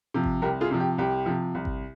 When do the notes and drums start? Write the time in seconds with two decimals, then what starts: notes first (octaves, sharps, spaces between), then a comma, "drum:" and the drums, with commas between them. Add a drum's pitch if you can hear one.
0.14 C3 F3
0.24 drum: kick G#1
0.42 C2 G4 A#4
0.61 F4 G#4
0.71 C3 F3
0.80 G4
0.98 C2 G4
1.26 C3 F3
1.55 C2
1.65 drum: kick G#1